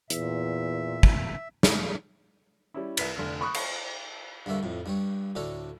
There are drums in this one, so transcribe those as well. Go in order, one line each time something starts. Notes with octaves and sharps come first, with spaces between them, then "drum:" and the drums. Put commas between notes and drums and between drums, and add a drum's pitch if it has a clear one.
E2 A#2 E5, drum: hi-hat
drum: kick
drum: snare
G3 C#4 E4
C2 B4 B6, drum: cymbal
F1 D3 F6
B5 C#6 D#6 F#6
drum: cymbal
G2 D3 A#3 E5 C#6
F2 A2
G2 G3 C#5
D2 A2 D4 A4 C#5 A#5